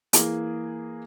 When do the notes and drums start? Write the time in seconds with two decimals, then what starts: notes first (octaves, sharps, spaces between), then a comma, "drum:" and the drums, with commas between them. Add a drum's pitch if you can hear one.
0.13 E3 A#3 G#4, drum: hi-hat